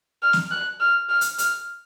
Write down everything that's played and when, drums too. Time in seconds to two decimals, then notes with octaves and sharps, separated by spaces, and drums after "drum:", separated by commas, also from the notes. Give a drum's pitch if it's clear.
0.22 F6
0.33 drum: snare
0.51 F#6
0.80 F6
1.09 F6
1.21 drum: hi-hat
1.38 F6, drum: hi-hat